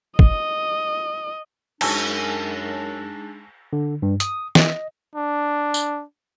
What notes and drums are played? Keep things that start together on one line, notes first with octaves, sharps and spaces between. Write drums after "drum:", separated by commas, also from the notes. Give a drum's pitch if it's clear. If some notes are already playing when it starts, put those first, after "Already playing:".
D#5, drum: kick
F#2 G#3 D4 D#4 G#4 G#5 A5 C#6, drum: cymbal
D3
G2
D#6, drum: hi-hat
D#5, drum: snare
D4
drum: tambourine